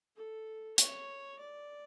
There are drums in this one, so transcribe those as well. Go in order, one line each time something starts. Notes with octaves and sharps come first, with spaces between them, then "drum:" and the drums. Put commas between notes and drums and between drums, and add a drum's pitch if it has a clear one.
A4
C#5, drum: hi-hat
D5